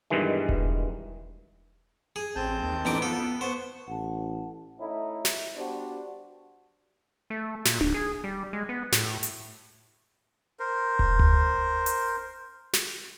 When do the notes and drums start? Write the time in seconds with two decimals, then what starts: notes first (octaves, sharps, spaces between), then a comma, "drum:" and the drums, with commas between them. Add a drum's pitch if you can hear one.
0.10 G2 B2 D#3 E3 G#3
0.49 drum: kick E1
2.16 G#4
2.36 A1 C4 A5 G6
2.62 D#2
2.85 A1 B3 D#4 D6
3.02 F4 A4
3.41 B3 C5 C#6
3.87 A1 F#5 A5
4.79 A3 C#4 D#4 E4
5.25 drum: snare
5.56 G3 B3 D4 F#4 C5
7.30 A3
7.65 A#2, drum: snare
7.81 D1, drum: tom D4
7.94 G#4
8.24 G3
8.53 G#3
8.69 B3
8.92 A2, drum: snare
9.23 drum: hi-hat
10.60 A#4 C5
10.99 drum: kick E1
11.19 drum: tom D2
11.86 drum: hi-hat
12.73 drum: snare